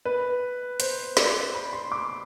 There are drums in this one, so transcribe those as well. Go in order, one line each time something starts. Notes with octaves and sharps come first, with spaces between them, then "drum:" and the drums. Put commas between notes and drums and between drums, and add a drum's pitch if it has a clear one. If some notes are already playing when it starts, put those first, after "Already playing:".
B4
C5, drum: hi-hat
D5, drum: snare
B5
C6
D6